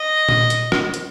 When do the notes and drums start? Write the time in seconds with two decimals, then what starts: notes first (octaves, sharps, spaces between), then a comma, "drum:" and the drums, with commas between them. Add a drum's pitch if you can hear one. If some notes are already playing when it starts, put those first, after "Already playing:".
Already playing: D#5
0.29 drum: tom A#2
0.50 drum: hi-hat
0.72 drum: rim click
0.94 drum: hi-hat